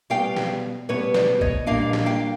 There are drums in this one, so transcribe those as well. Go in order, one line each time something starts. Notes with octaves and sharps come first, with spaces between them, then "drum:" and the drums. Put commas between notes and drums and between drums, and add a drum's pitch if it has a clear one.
B2 G3 B3 F5 G5
drum: snare
B2 G3 B3 B4 C#5
C5 D5, drum: snare
C#5 D#5, drum: kick
A#2 G3 A#3 D4 D#5 F5
drum: snare
F5 G5